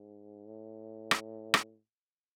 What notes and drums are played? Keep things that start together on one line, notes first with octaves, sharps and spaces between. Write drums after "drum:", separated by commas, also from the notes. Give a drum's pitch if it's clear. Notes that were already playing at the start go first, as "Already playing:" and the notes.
Already playing: G#2
A2
drum: rim click
drum: rim click